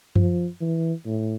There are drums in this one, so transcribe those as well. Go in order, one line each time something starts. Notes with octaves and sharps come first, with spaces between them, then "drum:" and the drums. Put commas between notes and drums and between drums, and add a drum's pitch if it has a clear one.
F3, drum: tom F#2
E3
A2